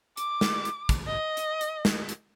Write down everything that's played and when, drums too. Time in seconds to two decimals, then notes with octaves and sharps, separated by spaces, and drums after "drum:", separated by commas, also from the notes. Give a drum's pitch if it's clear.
0.17 D6, drum: hi-hat
0.41 drum: snare
0.65 drum: hi-hat
0.89 drum: kick, hi-hat
1.07 D#5
1.37 drum: hi-hat
1.61 drum: hi-hat
1.85 drum: snare
2.09 drum: hi-hat